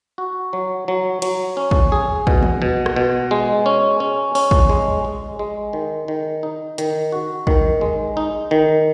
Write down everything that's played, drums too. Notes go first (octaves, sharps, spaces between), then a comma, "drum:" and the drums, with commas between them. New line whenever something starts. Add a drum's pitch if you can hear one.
F#4
F#3
F#3
F#3, drum: cymbal
C#4
drum: kick
G#4
B2, drum: kick
drum: tom
B2
drum: rim click
B2
G#3
C#4
C#4
C#4, drum: open hi-hat
drum: kick
G#3
G#3
G#3
D#3
D#3
D#4
D#3, drum: hi-hat
F#4
D#3, drum: kick
G#3
D#4
D#3